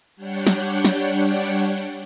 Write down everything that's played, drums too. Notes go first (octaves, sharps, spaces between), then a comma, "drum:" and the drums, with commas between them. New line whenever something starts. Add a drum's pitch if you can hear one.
G3 D4 C#5 F#5 G5
drum: snare
drum: snare
drum: cymbal